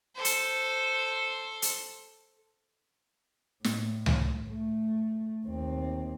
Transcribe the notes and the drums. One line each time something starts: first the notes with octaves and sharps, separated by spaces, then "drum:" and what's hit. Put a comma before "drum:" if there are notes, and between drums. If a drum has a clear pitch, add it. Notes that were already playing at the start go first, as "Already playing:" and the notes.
A4 C5
drum: hi-hat
drum: hi-hat
A2, drum: snare
drum: tom C#2
A3
D#2 C4